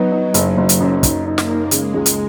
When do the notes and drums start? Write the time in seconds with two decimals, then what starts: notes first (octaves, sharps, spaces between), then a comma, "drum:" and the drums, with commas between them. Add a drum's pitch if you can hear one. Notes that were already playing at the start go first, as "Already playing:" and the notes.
Already playing: F#3 B3 D#4
0.12 D#4
0.34 F#1, drum: hi-hat
0.57 F#1
0.69 drum: hi-hat
0.80 F#2
1.03 D#4, drum: kick, hi-hat
1.26 D#4
1.38 A#3, drum: snare
1.49 D#4
1.71 C#3 G#3, drum: hi-hat
1.94 C#2
2.06 drum: hi-hat